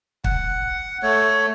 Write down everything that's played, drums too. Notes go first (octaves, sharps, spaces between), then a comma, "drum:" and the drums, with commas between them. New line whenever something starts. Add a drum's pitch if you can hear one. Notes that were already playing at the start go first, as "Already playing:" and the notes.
F#5, drum: kick
A3 C#5